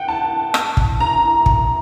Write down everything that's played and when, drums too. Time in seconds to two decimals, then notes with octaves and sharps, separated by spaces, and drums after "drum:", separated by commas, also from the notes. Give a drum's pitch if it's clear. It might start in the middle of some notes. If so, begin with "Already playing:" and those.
Already playing: F#5 G5
0.08 A5
0.54 drum: rim click
0.77 drum: kick
1.00 A#5
1.46 drum: kick